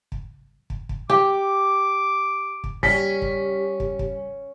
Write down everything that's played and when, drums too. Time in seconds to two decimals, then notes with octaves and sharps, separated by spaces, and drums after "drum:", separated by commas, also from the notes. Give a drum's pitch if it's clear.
0.12 drum: kick
0.70 drum: kick
0.89 drum: kick
1.10 G4 D6
2.64 drum: kick
2.83 G3 C#4 G4 B6, drum: kick
3.22 drum: kick
3.80 drum: kick
3.99 drum: kick